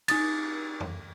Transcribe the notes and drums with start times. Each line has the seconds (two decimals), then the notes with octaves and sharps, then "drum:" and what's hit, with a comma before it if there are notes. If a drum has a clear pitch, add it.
0.08 D#4 D#6 A6, drum: cymbal
0.80 drum: tom F2